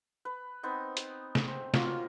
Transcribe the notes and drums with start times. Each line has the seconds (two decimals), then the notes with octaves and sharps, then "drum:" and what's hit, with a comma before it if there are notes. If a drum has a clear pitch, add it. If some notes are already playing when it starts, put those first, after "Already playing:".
0.25 B4
0.63 B3 C4 D#4
0.97 drum: hi-hat
1.35 drum: snare
1.48 C4
1.74 F#3 A#3 F4 A#4, drum: snare